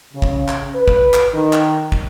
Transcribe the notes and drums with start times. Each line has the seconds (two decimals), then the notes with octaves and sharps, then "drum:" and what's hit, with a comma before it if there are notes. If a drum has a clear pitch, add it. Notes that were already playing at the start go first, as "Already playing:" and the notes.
0.13 C#3
0.22 drum: kick
0.48 drum: clap
0.74 B4
0.88 drum: kick
1.14 drum: clap
1.33 D#3
1.53 drum: clap
1.92 drum: kick